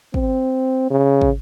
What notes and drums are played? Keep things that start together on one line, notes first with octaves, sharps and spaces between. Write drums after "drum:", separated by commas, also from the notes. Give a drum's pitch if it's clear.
C4, drum: kick
C#3
drum: kick